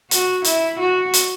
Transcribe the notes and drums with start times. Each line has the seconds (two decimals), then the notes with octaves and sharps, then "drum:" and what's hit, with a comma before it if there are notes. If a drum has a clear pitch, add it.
0.11 F#4, drum: hi-hat
0.44 E4, drum: hi-hat
0.80 F#4
1.14 drum: hi-hat